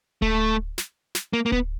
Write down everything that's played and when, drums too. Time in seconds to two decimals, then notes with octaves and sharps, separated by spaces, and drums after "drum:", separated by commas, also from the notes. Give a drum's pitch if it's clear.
0.22 A3, drum: kick D1
0.78 drum: snare
1.15 drum: snare
1.33 A#3
1.46 A#3
1.52 B3, drum: kick D1